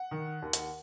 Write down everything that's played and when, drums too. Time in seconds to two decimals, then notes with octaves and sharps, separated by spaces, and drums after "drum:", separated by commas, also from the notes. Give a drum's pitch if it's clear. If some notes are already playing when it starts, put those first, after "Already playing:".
Already playing: F#5
0.11 D#3
0.42 D#2
0.53 drum: hi-hat